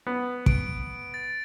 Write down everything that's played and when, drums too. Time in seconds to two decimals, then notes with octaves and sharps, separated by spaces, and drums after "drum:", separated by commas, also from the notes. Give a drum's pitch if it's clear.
0.07 B3
0.46 D7, drum: kick
1.14 A6